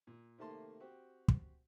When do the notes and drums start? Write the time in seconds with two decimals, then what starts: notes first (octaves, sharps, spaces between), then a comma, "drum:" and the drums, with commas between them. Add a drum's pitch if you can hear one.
0.07 A#2
0.38 C3 D#3 A3 A#3 A5 C6
0.80 C4 F#4 G4
1.28 drum: kick